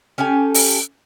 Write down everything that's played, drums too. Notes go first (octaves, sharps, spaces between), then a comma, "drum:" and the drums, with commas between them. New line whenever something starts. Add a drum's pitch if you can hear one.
C#4 G4 A4 G#5
drum: open hi-hat